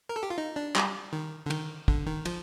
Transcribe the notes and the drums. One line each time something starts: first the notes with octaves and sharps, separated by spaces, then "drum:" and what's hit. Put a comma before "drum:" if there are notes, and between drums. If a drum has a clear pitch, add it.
A#4
A4
G4
F4
D#4
D4
G3, drum: clap
D#3
D3
D#3, drum: cymbal
D3, drum: kick
D#3
F3, drum: cymbal